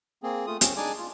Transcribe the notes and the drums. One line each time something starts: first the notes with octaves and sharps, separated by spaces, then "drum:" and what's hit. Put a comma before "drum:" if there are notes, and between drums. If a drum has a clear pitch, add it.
A#3 C4 G#4
A3 F4 D#6
C4 C#4, drum: hi-hat
D4 D#4 G#4 D5 G#5 D6
F4